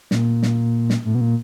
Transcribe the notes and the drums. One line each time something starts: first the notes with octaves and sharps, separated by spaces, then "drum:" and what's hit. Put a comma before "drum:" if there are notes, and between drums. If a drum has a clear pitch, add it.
A#2, drum: snare
drum: snare
drum: snare
A2
B2
A#2